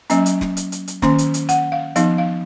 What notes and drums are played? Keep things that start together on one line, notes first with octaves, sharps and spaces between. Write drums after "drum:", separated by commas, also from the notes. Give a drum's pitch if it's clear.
F#3 A#3 C#4 D#5, drum: hi-hat
drum: hi-hat
drum: snare
drum: hi-hat
drum: hi-hat
drum: hi-hat
D#3 A#3 C#4, drum: snare
drum: hi-hat
drum: hi-hat
F#5, drum: hi-hat
F5
F3 B3 D#4 F5, drum: hi-hat
F5